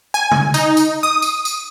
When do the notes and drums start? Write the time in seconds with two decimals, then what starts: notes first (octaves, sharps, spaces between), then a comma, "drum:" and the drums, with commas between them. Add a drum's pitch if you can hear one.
0.14 G#5
0.31 drum: tom C3
0.54 D#4, drum: tambourine
0.77 drum: tambourine
1.03 D#6
1.22 drum: tambourine
1.45 drum: tambourine